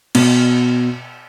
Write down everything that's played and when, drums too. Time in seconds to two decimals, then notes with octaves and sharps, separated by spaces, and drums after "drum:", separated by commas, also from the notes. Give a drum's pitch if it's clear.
0.15 B2, drum: cymbal